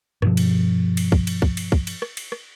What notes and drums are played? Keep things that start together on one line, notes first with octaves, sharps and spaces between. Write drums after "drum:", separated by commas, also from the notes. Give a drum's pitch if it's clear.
G2 B2 F3, drum: rim click
drum: cymbal
drum: cymbal
drum: kick
drum: cymbal
drum: kick
drum: cymbal
drum: kick
drum: cymbal
drum: rim click
drum: cymbal
drum: rim click